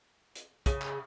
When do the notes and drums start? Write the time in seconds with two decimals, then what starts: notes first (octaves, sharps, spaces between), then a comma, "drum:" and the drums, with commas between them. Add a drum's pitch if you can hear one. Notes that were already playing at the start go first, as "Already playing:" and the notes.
0.35 drum: hi-hat
0.66 C#3, drum: kick, hi-hat
0.81 drum: clap